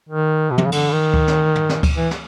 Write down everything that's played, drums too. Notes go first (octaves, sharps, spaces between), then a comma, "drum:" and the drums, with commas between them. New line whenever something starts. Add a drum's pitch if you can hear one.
D#3
B2
C3, drum: tom
C#3
D3, drum: cymbal
D#3
drum: kick D2
drum: snare
drum: tom
drum: snare
drum: kick D2, cymbal
E3
drum: snare